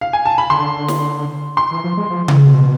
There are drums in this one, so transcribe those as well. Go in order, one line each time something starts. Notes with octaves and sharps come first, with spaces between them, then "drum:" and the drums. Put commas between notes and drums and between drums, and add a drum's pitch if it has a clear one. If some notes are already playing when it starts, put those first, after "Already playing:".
F5
G#5
A5
B5
D3 C6
drum: snare
C6
E3
F3
G#3
F3
E3, drum: tom C#3
B2